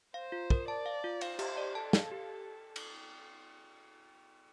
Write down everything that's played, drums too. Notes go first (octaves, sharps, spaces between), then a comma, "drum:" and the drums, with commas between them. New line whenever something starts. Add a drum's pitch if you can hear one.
C5 F5
F4
A#4, drum: kick
D5 A5
F5
F4
C5 F5, drum: cymbal
G4, drum: cymbal
D5
A4 A5
F5, drum: snare
G4
drum: cymbal